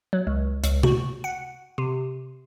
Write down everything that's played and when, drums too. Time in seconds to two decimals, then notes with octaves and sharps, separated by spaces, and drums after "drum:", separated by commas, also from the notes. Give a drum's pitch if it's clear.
0.13 F#3
0.27 C#2
0.64 C#2, drum: hi-hat
0.83 F#4, drum: tom C3
1.24 F#5
1.78 C3